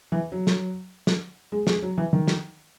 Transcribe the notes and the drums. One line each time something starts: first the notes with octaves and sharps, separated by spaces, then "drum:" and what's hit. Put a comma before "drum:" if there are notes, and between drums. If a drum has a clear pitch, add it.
E3
F#3
drum: snare
drum: snare
G#3
G#3, drum: snare
F#3
E3
D#3
drum: snare